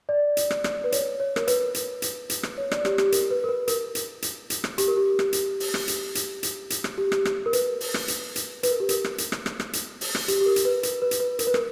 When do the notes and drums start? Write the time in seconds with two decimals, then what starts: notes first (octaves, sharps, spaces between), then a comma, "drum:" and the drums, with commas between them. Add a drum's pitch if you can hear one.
0.09 D5
0.37 drum: hi-hat
0.51 drum: rim click
0.64 drum: rim click
0.84 B4
0.92 C#5, drum: hi-hat
1.20 C#5
1.36 A#4, drum: rim click
1.48 B4, drum: hi-hat
1.74 drum: hi-hat
2.02 drum: hi-hat
2.30 drum: hi-hat
2.43 drum: rim click
2.58 C#5
2.71 D5, drum: rim click
2.85 G4, drum: rim click
2.98 G4, drum: rim click
3.12 A#4, drum: hi-hat
3.31 B4
3.44 A#4
3.49 B4
3.68 A#4, drum: hi-hat
3.95 drum: hi-hat
4.22 drum: hi-hat
4.50 drum: hi-hat
4.64 drum: rim click
4.78 G4, drum: hi-hat
4.88 A#4
4.97 G4
5.19 drum: rim click
5.33 drum: hi-hat
5.60 drum: open hi-hat
5.74 drum: rim click
5.88 drum: hi-hat
6.15 drum: hi-hat
6.43 drum: hi-hat
6.70 drum: hi-hat
6.84 drum: rim click
6.98 G4
7.12 drum: rim click
7.25 drum: rim click
7.46 A#4
7.53 B4, drum: hi-hat
7.81 drum: open hi-hat
7.94 drum: rim click
8.08 drum: hi-hat
8.36 drum: hi-hat
8.63 B4, drum: hi-hat
8.71 A#4
8.80 G4
8.89 A#4, drum: hi-hat
9.04 drum: rim click
9.18 drum: hi-hat
9.32 drum: rim click
9.46 drum: rim click
9.60 drum: rim click
9.73 drum: hi-hat
10.01 drum: open hi-hat
10.15 drum: rim click
10.28 G4, drum: hi-hat
10.41 G4
10.46 A#4
10.56 drum: hi-hat
10.65 B4
10.83 B4, drum: hi-hat
11.02 B4
11.11 drum: hi-hat
11.20 B4
11.39 A#4, drum: hi-hat
11.47 B4
11.54 A#4, drum: rim click